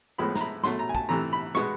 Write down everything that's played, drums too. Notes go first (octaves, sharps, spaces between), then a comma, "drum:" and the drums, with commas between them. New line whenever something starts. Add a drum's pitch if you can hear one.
A2 F3 G#3 B3 B5
A#5, drum: snare
B5
B2 F#3 A3 C6, drum: snare
A#5
G#5
A5, drum: kick
C3 E3 A3 A#5
B5
B2 G#3 B3 C#6, drum: snare